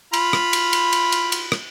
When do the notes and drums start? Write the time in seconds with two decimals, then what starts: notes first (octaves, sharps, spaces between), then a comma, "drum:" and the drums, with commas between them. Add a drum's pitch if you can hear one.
0.13 F4 B5, drum: cymbal
0.33 drum: rim click
0.53 drum: cymbal
0.73 drum: cymbal
0.93 drum: cymbal
1.12 drum: cymbal
1.32 drum: cymbal
1.52 drum: rim click